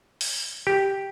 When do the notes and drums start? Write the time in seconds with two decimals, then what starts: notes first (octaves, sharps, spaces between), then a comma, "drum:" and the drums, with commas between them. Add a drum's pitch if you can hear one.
0.21 drum: open hi-hat
0.67 G4